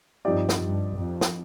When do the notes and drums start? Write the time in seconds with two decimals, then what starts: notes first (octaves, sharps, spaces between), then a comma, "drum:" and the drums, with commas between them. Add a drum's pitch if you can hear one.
0.25 G2 F3 C4 D#4 G4 D5
0.49 drum: snare
0.60 G2
0.97 F2
1.21 drum: snare